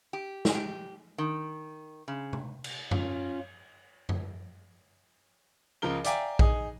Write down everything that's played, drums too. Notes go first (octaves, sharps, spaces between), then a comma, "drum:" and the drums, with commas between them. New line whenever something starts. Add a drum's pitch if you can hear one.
G4
drum: snare
G4
D#3
C#3
drum: tom C3
drum: cymbal
C#4 F4, drum: tom F#2
drum: tom F#2
C#2 C#3 F3 A#4 G7
D5 E5 F5 G5 G#5 A#5, drum: hi-hat
D#4 G#4 D#6, drum: kick A#1